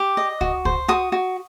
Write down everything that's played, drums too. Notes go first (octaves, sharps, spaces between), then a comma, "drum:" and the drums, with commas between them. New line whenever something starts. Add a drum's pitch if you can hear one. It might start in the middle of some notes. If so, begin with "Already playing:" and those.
Already playing: G4
D#5
F#4, drum: kick
C5, drum: kick
F#4 D#6
F#4